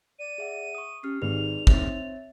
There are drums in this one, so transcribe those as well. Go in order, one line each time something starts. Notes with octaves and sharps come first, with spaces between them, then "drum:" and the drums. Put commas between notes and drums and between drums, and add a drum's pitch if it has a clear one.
D5 D#7
G#4 E5 F#5
C#6 D#6
C#4 G4 F6 C7
G#1 G#2 D#4 G#4 B4 D5 F7
C4 C#5 E5 A6, drum: kick